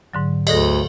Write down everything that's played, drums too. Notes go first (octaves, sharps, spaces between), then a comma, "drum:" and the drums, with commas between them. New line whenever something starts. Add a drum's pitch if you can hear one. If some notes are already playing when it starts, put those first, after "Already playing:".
G#2 D3 F#3
D2 G#4 A4 D5 D#5 D#6 A#6, drum: cymbal